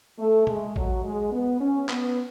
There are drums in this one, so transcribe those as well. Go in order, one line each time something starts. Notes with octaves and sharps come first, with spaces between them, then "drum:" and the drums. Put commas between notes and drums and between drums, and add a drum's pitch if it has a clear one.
A3
G#3, drum: tom B2
F#3, drum: kick A1
G#3
B3
C#4
B3, drum: clap